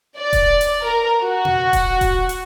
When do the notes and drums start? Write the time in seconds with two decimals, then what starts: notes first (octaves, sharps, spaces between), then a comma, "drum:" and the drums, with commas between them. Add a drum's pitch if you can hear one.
0.19 D5
0.33 drum: kick D#1, hi-hat
0.61 drum: hi-hat
0.84 A#4
1.24 F#4
1.45 drum: tom B2
1.73 drum: kick D#1, hi-hat
2.01 drum: kick D#1, hi-hat
2.29 drum: hi-hat